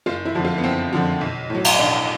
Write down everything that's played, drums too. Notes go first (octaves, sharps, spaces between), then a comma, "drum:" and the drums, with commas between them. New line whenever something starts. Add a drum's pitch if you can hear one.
F#1 F4
E4
F2 D3 F3
F4
B3
F#1 C4
F2 D3 F3
B1
A2 F#3
drum: cymbal
B1 D4